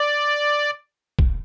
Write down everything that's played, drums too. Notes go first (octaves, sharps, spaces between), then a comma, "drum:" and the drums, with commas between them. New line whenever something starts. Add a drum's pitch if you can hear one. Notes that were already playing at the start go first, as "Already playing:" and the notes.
Already playing: D5
drum: kick